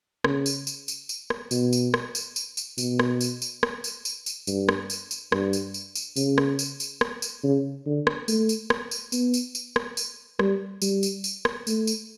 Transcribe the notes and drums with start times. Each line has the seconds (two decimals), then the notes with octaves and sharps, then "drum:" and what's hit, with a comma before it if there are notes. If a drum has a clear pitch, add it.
0.24 C#3, drum: rim click
0.46 drum: tambourine
0.67 drum: tambourine
0.88 drum: tambourine
1.09 drum: tambourine
1.30 drum: rim click
1.51 B2, drum: tambourine
1.73 drum: tambourine
1.94 drum: rim click
2.15 drum: tambourine
2.36 drum: tambourine
2.57 drum: tambourine
2.78 B2, drum: tambourine
2.99 drum: rim click
3.21 drum: tambourine
3.42 drum: tambourine
3.63 drum: rim click
3.84 drum: tambourine
4.05 drum: tambourine
4.26 drum: tambourine
4.47 G2, drum: tambourine
4.69 drum: rim click
4.90 drum: tambourine
5.11 drum: tambourine
5.32 G2, drum: rim click
5.53 drum: tambourine
5.74 drum: tambourine
5.95 drum: tambourine
6.16 C#3, drum: tambourine
6.38 drum: rim click
6.59 drum: tambourine
6.80 drum: tambourine
7.01 drum: rim click
7.22 drum: tambourine
7.44 C#3
7.86 D3
8.07 drum: rim click
8.28 A3, drum: tambourine
8.49 drum: tambourine
8.70 drum: rim click
8.91 drum: tambourine
9.12 B3, drum: tambourine
9.34 drum: tambourine
9.55 drum: tambourine
9.76 drum: rim click
9.97 drum: tambourine
10.39 G3, drum: rim click
10.82 G3, drum: tambourine
11.03 drum: tambourine
11.24 drum: tambourine
11.45 drum: rim click
11.67 A3, drum: tambourine
11.87 drum: tambourine